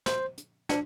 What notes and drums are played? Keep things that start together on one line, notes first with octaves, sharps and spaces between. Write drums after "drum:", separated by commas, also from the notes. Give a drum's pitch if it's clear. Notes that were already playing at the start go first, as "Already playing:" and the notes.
C5, drum: snare
drum: hi-hat
D4, drum: snare